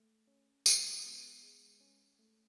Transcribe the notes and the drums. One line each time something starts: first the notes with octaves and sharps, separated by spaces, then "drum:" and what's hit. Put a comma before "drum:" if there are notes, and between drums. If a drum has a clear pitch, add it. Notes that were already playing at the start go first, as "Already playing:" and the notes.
Already playing: A3
C#4
G#3, drum: tambourine
B3
G#3
C#4
A3